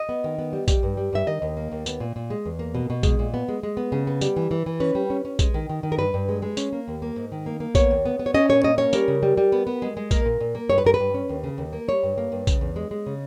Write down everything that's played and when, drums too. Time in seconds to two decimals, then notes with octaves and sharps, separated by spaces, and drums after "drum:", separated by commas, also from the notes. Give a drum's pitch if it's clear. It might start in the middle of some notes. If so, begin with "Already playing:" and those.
Already playing: D#5
0.09 B3
0.24 D#3
0.39 B3
0.53 G3
0.68 G3, drum: kick A#1, tambourine
0.83 G2
0.97 G3
1.13 G2 E5
1.27 D#3 D#5
1.42 D#2
1.57 A#3
1.72 D#2
1.86 B3, drum: tambourine
2.00 A#2
2.16 A#2
2.30 G#3
2.46 E2
2.59 A#3
2.75 B2
2.90 B2
3.03 G#3, drum: kick A#1, tambourine
3.19 A#2
3.34 B3
3.49 G#3
3.63 G#3
3.77 B3
3.92 C#3
4.07 B3
4.21 G3, drum: tambourine
4.36 E3
4.51 E3
4.66 E3
4.80 C#4 B4
4.95 G3
5.10 C#4
5.25 C#4
5.39 G#3, drum: kick A#1, tambourine
5.54 D#3
5.69 D#3
5.83 D#3
5.92 A#4
5.98 G2 B4
6.14 G2
6.29 G#3
6.42 G#3
6.57 C#4, drum: tambourine
6.73 A#3
6.88 D#2
7.02 A#3
7.16 G#2
7.32 D#3
7.46 A#3
7.60 A#3
7.75 B3 C#5, drum: kick A#1, tambourine
7.91 D#2
8.05 B3
8.19 B3
8.26 C#5
8.34 C#4 D#5
8.49 A#2 C#5
8.63 A#3 D#5
8.78 C#4 C#5
8.93 G3 A#4, drum: tambourine
9.08 C#3
9.23 G3
9.37 G3
9.52 B3
9.67 B3
9.82 G#3
9.97 G#3
10.11 A#3 A#4, drum: kick A#1, tambourine
10.25 A#2
10.40 A#2
10.55 A#3
10.70 G2 C#5
10.78 B4
10.84 G2 A#4
10.94 B4
11.00 G2
11.14 C#4
11.29 D#2
11.44 C#3
11.58 D#2
11.73 A#3
11.88 G3 C#5
12.03 G2
12.18 A#3
12.32 G2
12.47 C#3, drum: kick A#1, tambourine
12.61 E2
12.76 G#3
12.91 G#3
13.06 C#3